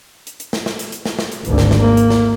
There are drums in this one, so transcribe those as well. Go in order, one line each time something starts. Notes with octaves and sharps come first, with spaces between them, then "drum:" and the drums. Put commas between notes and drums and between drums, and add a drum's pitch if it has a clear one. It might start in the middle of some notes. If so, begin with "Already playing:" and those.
drum: hi-hat
drum: hi-hat
drum: snare
drum: snare
drum: hi-hat
drum: hi-hat
drum: snare
drum: snare
drum: hi-hat
G#1 D2, drum: hi-hat
drum: snare
drum: snare
A#3
drum: hi-hat
drum: snare